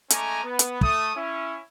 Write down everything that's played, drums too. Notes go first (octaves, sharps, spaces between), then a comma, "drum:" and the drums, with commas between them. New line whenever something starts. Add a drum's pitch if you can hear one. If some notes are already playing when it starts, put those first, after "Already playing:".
G#3 A3 C#4 G#5 A#5 D6, drum: hi-hat
B3
drum: hi-hat
A3 D#6, drum: kick
C#4 E4